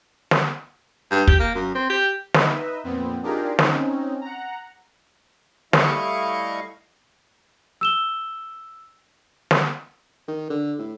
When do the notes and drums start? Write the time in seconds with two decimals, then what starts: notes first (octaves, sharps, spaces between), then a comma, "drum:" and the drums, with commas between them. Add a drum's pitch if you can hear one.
0.31 drum: snare
1.11 G2
1.28 G4, drum: kick
1.39 A#3
1.55 F#2
1.75 C4
1.90 G4
2.34 D#4 B4 D#5 E5, drum: snare
2.84 F2 A#2 B3 C4
3.23 D4 D#4 F4 G4 G#4 A#4
3.59 C4 C#4 D#4, drum: snare
4.21 F#5 A#5
5.73 G3 A3 E4 D#5 F5 C#6, drum: snare
7.81 E6 E7 G7
9.51 drum: snare
10.28 D#3
10.50 D3
10.79 A2